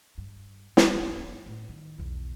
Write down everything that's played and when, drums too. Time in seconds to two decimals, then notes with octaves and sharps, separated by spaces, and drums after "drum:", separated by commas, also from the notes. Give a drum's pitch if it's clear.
0.18 G2
0.77 F#3, drum: snare
1.09 F#1
1.46 A2
1.69 D#3
1.98 B1 E2